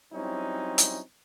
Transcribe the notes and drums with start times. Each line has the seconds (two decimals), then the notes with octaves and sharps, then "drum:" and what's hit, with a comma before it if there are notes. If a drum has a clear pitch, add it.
0.12 F#3 G3 C4 C#4 D#4 E4
0.78 drum: hi-hat